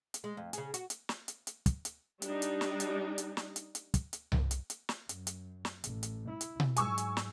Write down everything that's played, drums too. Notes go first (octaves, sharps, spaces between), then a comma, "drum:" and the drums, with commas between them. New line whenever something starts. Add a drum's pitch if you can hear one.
drum: hi-hat
G#3
F2
C#3 G#4, drum: hi-hat
F#4, drum: hi-hat
drum: hi-hat
drum: snare
drum: hi-hat
drum: hi-hat
drum: kick, hi-hat
drum: hi-hat
G3 D4 D#4, drum: hi-hat
drum: hi-hat
drum: snare
drum: hi-hat
drum: hi-hat
drum: snare
drum: hi-hat
drum: hi-hat
drum: kick, hi-hat
drum: hi-hat
drum: tom C2
drum: hi-hat
drum: hi-hat
drum: snare
F#2, drum: hi-hat
drum: hi-hat
drum: snare
A1, drum: hi-hat
drum: hi-hat
E4
drum: hi-hat
drum: tom B2
G#2 F#3 G#5 C#6 E6, drum: hi-hat
drum: hi-hat
drum: snare